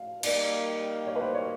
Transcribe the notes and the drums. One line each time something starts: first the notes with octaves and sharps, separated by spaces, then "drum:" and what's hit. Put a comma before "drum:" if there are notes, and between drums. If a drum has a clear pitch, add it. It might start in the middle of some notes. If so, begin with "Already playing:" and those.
Already playing: F5
D#3 G3 A#3 D5, drum: cymbal
C#5
B4
C5
C#5